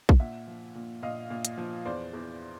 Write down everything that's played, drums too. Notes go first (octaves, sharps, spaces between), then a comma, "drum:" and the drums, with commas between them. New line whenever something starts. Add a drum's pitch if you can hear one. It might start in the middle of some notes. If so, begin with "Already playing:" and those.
drum: kick A#1
A#2 E5 F#5
F3
A#2
A#2 D#5 F5
A#2
drum: hi-hat
F3
E2 C5 D5
E2